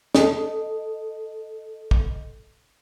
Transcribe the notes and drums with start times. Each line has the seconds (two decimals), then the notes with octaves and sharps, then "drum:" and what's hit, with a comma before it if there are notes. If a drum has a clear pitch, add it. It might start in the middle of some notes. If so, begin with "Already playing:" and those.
0.15 A4 D#5, drum: snare
1.91 drum: kick